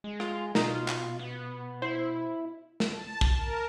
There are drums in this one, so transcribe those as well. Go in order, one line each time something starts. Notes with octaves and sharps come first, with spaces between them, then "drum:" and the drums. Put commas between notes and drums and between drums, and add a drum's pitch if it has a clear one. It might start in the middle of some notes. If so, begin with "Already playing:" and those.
G#3
F4, drum: rim click
B2 D#4 F4, drum: snare
drum: clap
B3
E4 C5
drum: snare
A5
drum: kick
A#4